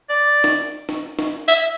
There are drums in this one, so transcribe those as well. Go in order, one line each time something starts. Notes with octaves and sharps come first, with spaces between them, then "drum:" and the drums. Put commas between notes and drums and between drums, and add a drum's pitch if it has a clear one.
D5
drum: snare
drum: snare
drum: snare
E5